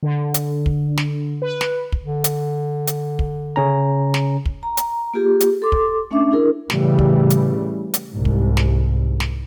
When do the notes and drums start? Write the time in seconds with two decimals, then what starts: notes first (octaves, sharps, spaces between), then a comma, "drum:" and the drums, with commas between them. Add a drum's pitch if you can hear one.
0.03 D3
0.34 drum: hi-hat
0.66 drum: kick
0.97 drum: snare
1.42 B4
1.61 drum: snare
1.92 drum: kick
2.03 D3
2.24 drum: hi-hat
2.87 drum: hi-hat
3.19 drum: kick
3.56 C#3 C#4 A#5
4.14 drum: snare
4.46 drum: kick
4.63 A#5
4.77 drum: hi-hat
5.14 A#3 F4 G4 G#4
5.40 drum: hi-hat
5.62 A4 C6 D6
5.72 drum: kick
6.11 A3 C#4 D4 E5 D6
6.31 D4 E4 G#4 A#4
6.70 A2 C#3 E3 G3, drum: snare
6.99 drum: kick
7.30 drum: hi-hat
7.94 drum: hi-hat
8.11 C2 G#2
8.25 drum: kick
8.57 drum: snare
9.20 drum: snare